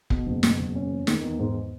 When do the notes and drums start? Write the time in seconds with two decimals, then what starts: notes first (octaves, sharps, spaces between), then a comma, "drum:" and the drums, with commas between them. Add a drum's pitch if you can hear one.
0.10 B2, drum: kick
0.26 F#1
0.43 B2, drum: snare
0.59 F#1
0.75 C#4
0.91 E2
1.07 D#3, drum: snare
1.23 E2
1.39 G#2